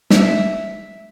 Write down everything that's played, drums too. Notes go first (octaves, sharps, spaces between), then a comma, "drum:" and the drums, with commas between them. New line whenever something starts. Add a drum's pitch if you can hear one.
E5, drum: snare